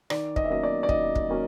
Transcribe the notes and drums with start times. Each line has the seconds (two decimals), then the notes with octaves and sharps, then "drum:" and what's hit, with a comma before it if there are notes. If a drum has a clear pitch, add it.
0.10 D#3 D5, drum: rim click
0.36 D#5, drum: kick
0.44 E5
0.50 F#3 A#3 C#4 D#5
0.63 D5
0.83 D5
0.89 D#3 D#5, drum: kick
1.15 drum: kick
1.28 F#3 A#3 C#4